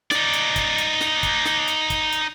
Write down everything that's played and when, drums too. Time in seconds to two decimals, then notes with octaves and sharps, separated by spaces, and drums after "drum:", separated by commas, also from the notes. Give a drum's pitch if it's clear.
0.11 D#4 D5, drum: snare
0.33 drum: hi-hat
0.56 drum: kick, hi-hat
0.78 drum: hi-hat
1.01 drum: snare
1.23 drum: kick, hi-hat
1.45 drum: snare
1.68 drum: hi-hat
1.90 drum: kick, hi-hat
2.12 drum: hi-hat